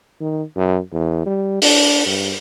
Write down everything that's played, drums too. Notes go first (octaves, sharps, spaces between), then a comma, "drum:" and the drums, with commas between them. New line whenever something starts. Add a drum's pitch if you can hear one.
D#3
F#2
E2
G3
D4, drum: open hi-hat
G2